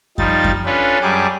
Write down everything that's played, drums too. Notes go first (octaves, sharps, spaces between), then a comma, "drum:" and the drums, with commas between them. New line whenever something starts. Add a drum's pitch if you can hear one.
F3 G3 D#4 A6, drum: kick F#2
drum: kick F#2
C#4 D4 F4 A4 B4
F#2 G3 G#4 A5 D6